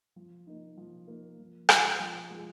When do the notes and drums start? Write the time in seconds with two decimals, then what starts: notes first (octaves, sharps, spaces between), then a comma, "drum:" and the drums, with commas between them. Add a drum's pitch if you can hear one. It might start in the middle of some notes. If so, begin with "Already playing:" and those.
0.16 F3
0.47 A#3 D#4
0.77 F3
1.08 A#3 D#4
1.39 F3
1.69 G#3 F4 G#4, drum: rim click
2.00 F3
2.30 G#3 F4 G#4